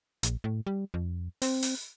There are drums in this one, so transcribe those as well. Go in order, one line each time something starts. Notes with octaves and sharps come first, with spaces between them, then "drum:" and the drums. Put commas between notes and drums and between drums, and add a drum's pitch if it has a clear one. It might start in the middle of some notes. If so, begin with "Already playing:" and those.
A#1, drum: hi-hat
A2
G3
F2
C4, drum: open hi-hat
drum: open hi-hat